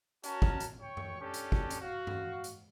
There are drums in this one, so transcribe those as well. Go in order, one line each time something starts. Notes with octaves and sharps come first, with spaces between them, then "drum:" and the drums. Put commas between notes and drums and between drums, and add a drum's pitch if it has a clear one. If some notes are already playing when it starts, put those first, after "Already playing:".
C#4 F#4 A#4 A5, drum: hi-hat
drum: kick
drum: hi-hat
C#5 G5 C#6
drum: tom F#2
C#4 D4 G4 A4
drum: hi-hat
drum: kick
drum: hi-hat
F#4 F5
drum: tom G2
drum: hi-hat